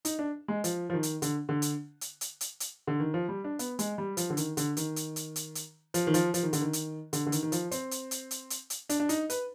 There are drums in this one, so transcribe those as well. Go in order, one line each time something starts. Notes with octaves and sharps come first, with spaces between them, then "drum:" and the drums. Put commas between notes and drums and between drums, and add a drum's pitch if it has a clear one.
D#4, drum: hi-hat
D4
G#3
F3, drum: hi-hat
F3
D#3
drum: hi-hat
D3, drum: hi-hat
D3
drum: hi-hat
drum: hi-hat
drum: hi-hat
drum: hi-hat
drum: hi-hat
D3
D#3
F3
G3
D4
B3, drum: hi-hat
G#3, drum: hi-hat
G3
F3, drum: hi-hat
D3
D#3, drum: hi-hat
D3, drum: hi-hat
D#3, drum: hi-hat
drum: hi-hat
drum: hi-hat
drum: hi-hat
drum: hi-hat
F3, drum: hi-hat
D#3
F3, drum: hi-hat
F3, drum: hi-hat
D#3
D3, drum: hi-hat
D#3
drum: hi-hat
D3, drum: hi-hat
D3
D#3, drum: hi-hat
D#3
F3, drum: hi-hat
C4, drum: hi-hat
drum: hi-hat
drum: hi-hat
drum: hi-hat
drum: hi-hat
drum: hi-hat
D4, drum: hi-hat
D4
D#4, drum: hi-hat
B4, drum: hi-hat